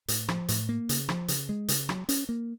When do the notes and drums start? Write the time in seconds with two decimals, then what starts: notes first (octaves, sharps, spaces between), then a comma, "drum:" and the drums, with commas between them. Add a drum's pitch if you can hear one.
0.08 A2, drum: hi-hat
0.28 F3, drum: rim click
0.48 A2, drum: hi-hat
0.69 A#3
0.89 C#3, drum: hi-hat
1.09 F3, drum: rim click
1.28 C#3, drum: hi-hat
1.49 G#3
1.68 C#3, drum: hi-hat
1.89 F#3, drum: rim click
2.09 C#4, drum: hi-hat
2.29 A#3